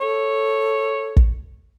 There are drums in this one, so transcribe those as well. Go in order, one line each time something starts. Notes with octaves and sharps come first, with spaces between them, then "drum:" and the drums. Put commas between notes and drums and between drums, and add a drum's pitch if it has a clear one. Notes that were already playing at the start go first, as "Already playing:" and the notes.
A4 C#5
drum: kick